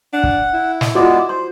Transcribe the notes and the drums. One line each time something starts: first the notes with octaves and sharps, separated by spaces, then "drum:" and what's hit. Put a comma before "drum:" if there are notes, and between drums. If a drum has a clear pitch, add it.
D4 F#5
drum: kick
E4
drum: snare
G#3 B3 F4 F#4 D5
C5 C6